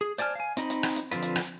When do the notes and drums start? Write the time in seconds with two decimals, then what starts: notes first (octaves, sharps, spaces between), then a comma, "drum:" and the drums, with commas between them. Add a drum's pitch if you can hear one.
0.01 G#4
0.18 C5 D5 G#5 A5 F6, drum: hi-hat
0.35 F5 G#5
0.57 C4 D#4 D#5 B5, drum: hi-hat
0.70 drum: hi-hat
0.83 drum: rim click
0.96 drum: hi-hat
1.11 D3 F3 C4 F4 B4, drum: hi-hat
1.23 drum: hi-hat
1.36 drum: rim click